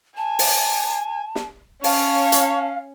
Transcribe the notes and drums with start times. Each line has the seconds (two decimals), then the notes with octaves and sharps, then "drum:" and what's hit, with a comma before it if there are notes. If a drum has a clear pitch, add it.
0.17 G#5 A5
0.39 drum: open hi-hat
1.35 drum: snare
1.84 C#4 C#5 F5 A5, drum: open hi-hat
2.32 drum: hi-hat